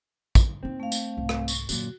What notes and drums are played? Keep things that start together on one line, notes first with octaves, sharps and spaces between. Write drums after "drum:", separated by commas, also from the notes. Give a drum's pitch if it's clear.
drum: kick, tambourine
A#3 C4 D#4
A3 F5
drum: tambourine
C2 G#2
drum: rim click
C#6, drum: tambourine
F#2 A#2 D3 F4 F#4, drum: tambourine